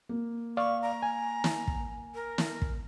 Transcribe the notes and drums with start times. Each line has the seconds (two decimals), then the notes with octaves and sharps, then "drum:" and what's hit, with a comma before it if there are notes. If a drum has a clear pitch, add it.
0.09 A#3
0.57 D5 F5 C#6
0.82 A#5
1.02 G#5
1.44 drum: snare
1.67 drum: kick
2.15 A#4
2.38 drum: snare
2.62 drum: kick